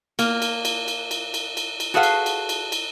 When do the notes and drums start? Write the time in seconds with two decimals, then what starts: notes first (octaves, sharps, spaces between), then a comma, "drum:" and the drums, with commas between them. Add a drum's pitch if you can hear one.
0.19 A#3, drum: cymbal
0.42 drum: cymbal
0.65 drum: cymbal
0.88 drum: cymbal
1.11 drum: cymbal
1.34 drum: cymbal
1.57 drum: cymbal
1.80 drum: cymbal
1.94 F#4 G#4 A4 B4 F5 F#5
2.03 drum: cymbal
2.26 drum: cymbal
2.49 drum: cymbal
2.72 drum: cymbal